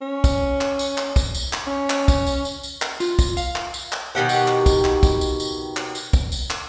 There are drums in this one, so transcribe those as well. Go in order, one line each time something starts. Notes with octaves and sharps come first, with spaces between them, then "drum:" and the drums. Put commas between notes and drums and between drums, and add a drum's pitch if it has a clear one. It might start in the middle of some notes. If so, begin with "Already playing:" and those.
C#4
drum: kick, tambourine
drum: clap
drum: tambourine
drum: clap
drum: kick, tambourine
drum: tambourine
drum: clap
C#4
drum: clap
drum: kick, tambourine
drum: tambourine
drum: tambourine
drum: tambourine
drum: clap
F4, drum: tambourine
drum: kick, tambourine
F5, drum: tambourine
drum: clap
drum: tambourine
drum: clap
B2 D#3 G4 F#5
drum: tambourine
drum: clap
drum: kick, tambourine
drum: clap
drum: kick, tambourine
drum: tambourine
drum: tambourine
drum: clap
drum: tambourine
drum: kick, tambourine
drum: tambourine
drum: clap